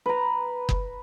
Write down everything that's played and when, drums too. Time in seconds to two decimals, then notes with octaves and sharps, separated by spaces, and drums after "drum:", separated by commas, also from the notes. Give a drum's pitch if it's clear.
0.06 B4 A#5
0.69 drum: kick F#1